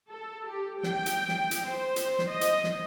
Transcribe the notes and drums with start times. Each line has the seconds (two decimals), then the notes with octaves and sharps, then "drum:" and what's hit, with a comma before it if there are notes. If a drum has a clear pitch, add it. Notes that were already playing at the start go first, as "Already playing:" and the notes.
0.10 A4
0.47 G4
0.83 G5, drum: snare
1.06 drum: hi-hat
1.28 drum: snare
1.51 drum: hi-hat
1.68 C5
1.96 drum: hi-hat
2.19 drum: snare
2.30 D#5
2.41 drum: hi-hat
2.64 drum: snare